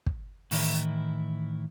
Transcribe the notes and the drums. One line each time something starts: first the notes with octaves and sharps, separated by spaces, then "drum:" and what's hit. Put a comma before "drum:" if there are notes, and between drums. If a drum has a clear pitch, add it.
drum: kick
A2 D#3 E3 E4, drum: open hi-hat